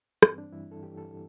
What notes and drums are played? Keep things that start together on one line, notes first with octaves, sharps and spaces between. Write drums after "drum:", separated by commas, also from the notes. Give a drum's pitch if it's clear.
G2 E3 G3 C4, drum: rim click
D4
G2 E3 G3 E4
A4
G2 E3 G3 G4
A4